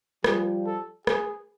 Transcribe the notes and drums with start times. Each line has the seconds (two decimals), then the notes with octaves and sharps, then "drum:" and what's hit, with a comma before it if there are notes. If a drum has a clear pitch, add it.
0.24 F3 G3 G#4, drum: rim click
0.66 A4
1.07 G#4, drum: rim click